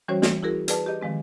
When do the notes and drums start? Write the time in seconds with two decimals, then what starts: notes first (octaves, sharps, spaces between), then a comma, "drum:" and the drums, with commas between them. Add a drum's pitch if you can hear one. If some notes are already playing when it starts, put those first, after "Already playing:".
0.08 E3 G3 C#4 F#4 C5 C#5
0.22 E3, drum: snare
0.43 E4 F#4 G#4 A#4
0.68 G#4 B4 D5 A5, drum: hi-hat
0.86 G4 D#5
1.01 D#3 F3 G#3 C4